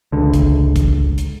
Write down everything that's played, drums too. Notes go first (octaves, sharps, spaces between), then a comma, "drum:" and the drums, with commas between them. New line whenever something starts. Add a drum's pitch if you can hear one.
C#2 D3
drum: kick, hi-hat
drum: kick, hi-hat
drum: hi-hat